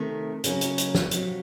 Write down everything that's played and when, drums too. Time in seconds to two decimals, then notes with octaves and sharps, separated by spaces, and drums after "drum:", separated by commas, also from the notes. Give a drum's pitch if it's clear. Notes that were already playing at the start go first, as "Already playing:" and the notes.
Already playing: C3 D#3 A3
0.44 C#3 F#3 A#3 C#4, drum: hi-hat
0.61 drum: hi-hat
0.78 drum: hi-hat
0.95 drum: snare
1.11 F2 C3 F#3, drum: hi-hat